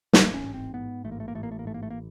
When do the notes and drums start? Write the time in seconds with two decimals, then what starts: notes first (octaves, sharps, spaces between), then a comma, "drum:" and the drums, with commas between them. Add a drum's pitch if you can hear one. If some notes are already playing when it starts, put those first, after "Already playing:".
0.13 A1 A#3, drum: snare
0.34 C#4
0.44 G#2
0.54 C4
0.74 G#2 B3
1.04 A1 A3
1.12 A#3
1.20 A3
1.28 A#3
1.35 A1 A3
1.43 A#3
1.52 A3
1.59 A#3
1.65 G#2 A3
1.74 A#3
1.83 A3
1.90 A#3